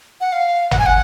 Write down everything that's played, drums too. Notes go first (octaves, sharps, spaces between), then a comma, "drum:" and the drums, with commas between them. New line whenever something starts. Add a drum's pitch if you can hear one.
F#5
F5
F#5, drum: tom
G#5
F#5